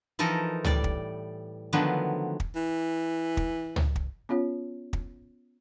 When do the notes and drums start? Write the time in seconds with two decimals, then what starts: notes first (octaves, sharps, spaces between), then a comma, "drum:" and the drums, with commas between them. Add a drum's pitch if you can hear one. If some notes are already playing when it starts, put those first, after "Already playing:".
0.19 E3 F3 D#4 A4 A#4
0.64 A2 G3 D5, drum: tom
0.84 drum: kick
1.73 D3 D#3 F3 F#3 A3 B3
2.40 drum: kick
2.55 E3
3.37 drum: kick
3.76 drum: tom
3.96 drum: kick
4.29 B3 C#4 F4 C#5
4.93 drum: kick